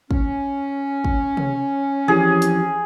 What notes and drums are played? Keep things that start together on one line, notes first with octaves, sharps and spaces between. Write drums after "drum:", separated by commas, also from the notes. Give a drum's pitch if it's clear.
C#4, drum: kick
drum: kick
drum: tom C3
F2 E3 G4 G#4
drum: hi-hat